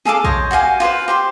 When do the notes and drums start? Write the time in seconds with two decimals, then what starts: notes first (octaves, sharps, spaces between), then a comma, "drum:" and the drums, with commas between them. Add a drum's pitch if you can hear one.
0.05 G#4 A4 F5 D6, drum: snare
0.24 C5 C#5 D#5, drum: kick
0.51 F#4 G4 F5 G#5
0.80 F4 G4 B4 C5
1.08 G4 C5 C6